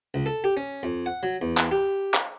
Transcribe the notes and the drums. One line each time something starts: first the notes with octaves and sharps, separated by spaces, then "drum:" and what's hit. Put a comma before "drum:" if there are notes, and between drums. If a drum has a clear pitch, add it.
C#2
A4
G4
C#4
F2
F#5
F#3
E2
drum: clap
G4
drum: clap